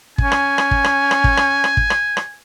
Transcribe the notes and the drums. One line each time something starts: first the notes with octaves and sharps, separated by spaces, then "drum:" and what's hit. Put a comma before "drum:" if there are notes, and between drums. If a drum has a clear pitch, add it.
C#4 G#5, drum: kick
drum: rim click
drum: rim click
drum: kick
drum: rim click
drum: rim click
drum: kick
drum: rim click
drum: rim click
drum: kick
drum: rim click
drum: rim click